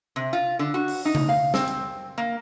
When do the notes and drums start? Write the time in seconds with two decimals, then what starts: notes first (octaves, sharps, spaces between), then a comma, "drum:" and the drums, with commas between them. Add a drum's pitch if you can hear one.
0.16 C3
0.33 F4
0.59 D3
0.74 F#4
0.88 drum: open hi-hat
1.05 D#4
1.15 drum: tom C#3
1.29 F5
1.54 C4, drum: snare
1.68 drum: hi-hat
2.18 A#3